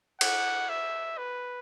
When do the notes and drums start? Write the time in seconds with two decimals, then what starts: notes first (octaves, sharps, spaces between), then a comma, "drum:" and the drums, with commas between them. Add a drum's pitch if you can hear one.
0.21 F#5, drum: cymbal
0.69 E5
1.18 B4